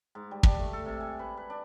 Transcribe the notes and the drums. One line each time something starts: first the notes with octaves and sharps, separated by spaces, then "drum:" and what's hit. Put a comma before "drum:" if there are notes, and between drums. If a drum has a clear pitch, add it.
G#2
G3
D4, drum: kick
A3
A4
C3
G#5
B4
B4
D4